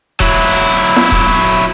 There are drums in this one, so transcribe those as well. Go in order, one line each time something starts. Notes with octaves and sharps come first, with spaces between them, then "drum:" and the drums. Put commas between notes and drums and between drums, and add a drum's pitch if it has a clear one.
F#3 E4, drum: kick D#1
drum: snare
drum: kick D#1